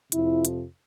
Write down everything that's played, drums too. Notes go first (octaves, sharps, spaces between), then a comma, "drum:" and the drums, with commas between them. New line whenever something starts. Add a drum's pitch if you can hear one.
F2 C3 F3 E4, drum: hi-hat
drum: hi-hat